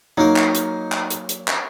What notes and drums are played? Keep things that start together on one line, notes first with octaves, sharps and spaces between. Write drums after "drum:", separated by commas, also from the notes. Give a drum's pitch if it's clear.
F#3 A#3 D#4 A#4
drum: clap
drum: hi-hat
drum: clap
drum: hi-hat
drum: hi-hat
drum: clap